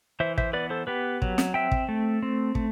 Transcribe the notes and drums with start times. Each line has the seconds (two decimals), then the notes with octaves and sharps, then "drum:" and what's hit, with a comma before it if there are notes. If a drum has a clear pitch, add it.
0.20 E3 C5 E5
0.38 C5 E5, drum: kick
0.53 B3 B4 D5
0.70 A4 C5
0.87 B3 G4 B4
1.22 F#3, drum: kick
1.38 drum: snare
1.54 C4 E5 G5
1.71 drum: kick
1.89 A3
2.23 C4
2.55 A3, drum: kick